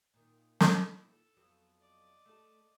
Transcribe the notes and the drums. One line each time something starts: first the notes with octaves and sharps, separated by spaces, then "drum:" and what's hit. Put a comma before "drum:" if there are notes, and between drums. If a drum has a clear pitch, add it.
A#2 D#3
drum: snare
E4
A4
F2 F#3 B3
D5 D#5
A3 A4